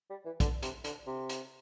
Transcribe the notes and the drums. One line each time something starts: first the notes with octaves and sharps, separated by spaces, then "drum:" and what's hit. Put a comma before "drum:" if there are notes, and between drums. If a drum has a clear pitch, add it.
G3
E3
D3, drum: kick, hi-hat
C3, drum: hi-hat
D3, drum: hi-hat
C3
drum: hi-hat